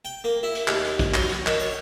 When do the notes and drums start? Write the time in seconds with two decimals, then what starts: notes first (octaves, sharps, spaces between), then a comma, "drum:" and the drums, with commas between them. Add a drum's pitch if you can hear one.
0.05 G5
0.24 A#3
0.43 E4
0.55 drum: hi-hat
0.68 D#2, drum: clap
0.85 drum: hi-hat
0.99 drum: kick, hi-hat
1.14 F#3, drum: clap
1.29 drum: hi-hat
1.47 D#3, drum: clap
1.60 C#5